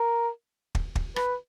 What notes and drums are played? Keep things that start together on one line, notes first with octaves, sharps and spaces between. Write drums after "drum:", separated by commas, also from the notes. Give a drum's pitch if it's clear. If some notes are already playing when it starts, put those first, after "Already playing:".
Already playing: A#4
drum: kick
drum: kick
B4, drum: rim click